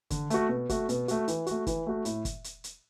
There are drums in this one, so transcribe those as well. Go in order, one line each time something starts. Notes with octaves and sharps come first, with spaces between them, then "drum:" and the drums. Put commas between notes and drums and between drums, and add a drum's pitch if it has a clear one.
D3, drum: kick, hi-hat
A3 F#4, drum: hi-hat
B2
A3 F#4, drum: kick, hi-hat
B2, drum: hi-hat
A3 F#4, drum: hi-hat
E3, drum: hi-hat
A3 F#4, drum: hi-hat
E3, drum: kick, hi-hat
A3 F#4
A2, drum: hi-hat
drum: kick, hi-hat
drum: hi-hat
drum: hi-hat